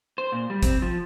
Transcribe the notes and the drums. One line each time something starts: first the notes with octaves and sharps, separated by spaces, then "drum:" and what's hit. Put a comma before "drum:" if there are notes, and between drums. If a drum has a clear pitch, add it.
C5
A#2
G3
C4, drum: kick, hi-hat
F3